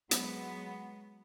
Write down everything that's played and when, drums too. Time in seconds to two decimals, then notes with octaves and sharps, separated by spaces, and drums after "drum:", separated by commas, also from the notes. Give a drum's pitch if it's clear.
0.11 F#3 G#3 B3, drum: hi-hat